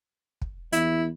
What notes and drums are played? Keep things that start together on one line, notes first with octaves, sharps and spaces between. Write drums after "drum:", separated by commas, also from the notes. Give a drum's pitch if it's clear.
drum: kick
E2 E4, drum: hi-hat